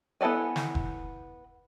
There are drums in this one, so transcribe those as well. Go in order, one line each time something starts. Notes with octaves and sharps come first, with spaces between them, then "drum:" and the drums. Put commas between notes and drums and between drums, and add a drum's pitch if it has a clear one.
B3 E4 A4 D5 G#5
drum: snare
drum: kick F1